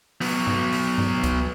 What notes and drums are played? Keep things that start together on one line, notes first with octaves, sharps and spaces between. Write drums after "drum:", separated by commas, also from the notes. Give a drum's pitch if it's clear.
F#3 B3, drum: open hi-hat
drum: tom G2
drum: open hi-hat
drum: tom G2
drum: kick C#2, hi-hat